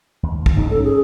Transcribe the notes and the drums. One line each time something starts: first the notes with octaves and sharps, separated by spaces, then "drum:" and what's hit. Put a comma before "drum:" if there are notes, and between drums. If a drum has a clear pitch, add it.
D#2
drum: kick
A1 G#2 C#3 D#4
C#4 A4
G#4